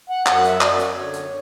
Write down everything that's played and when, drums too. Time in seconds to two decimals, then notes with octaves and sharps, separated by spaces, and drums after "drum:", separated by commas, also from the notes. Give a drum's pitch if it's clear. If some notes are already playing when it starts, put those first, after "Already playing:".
0.10 F#5
0.26 F#2 F#5, drum: clap
0.44 E5, drum: hi-hat
0.61 F#2 D5, drum: clap
0.79 C#5, drum: hi-hat
0.96 D3
1.13 drum: hi-hat